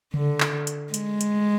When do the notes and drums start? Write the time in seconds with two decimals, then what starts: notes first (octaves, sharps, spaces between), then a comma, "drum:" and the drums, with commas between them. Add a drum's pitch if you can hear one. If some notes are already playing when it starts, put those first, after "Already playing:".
0.14 D3, drum: tom C#3
0.40 drum: clap
0.67 drum: hi-hat
0.94 G#3, drum: hi-hat
1.21 drum: hi-hat